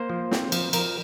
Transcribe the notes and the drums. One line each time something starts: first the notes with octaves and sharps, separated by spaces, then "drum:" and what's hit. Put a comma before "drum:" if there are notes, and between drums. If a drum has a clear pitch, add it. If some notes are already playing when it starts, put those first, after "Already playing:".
Already playing: A#3 C5
F3
C4, drum: snare
F3, drum: cymbal
F3 A#4, drum: cymbal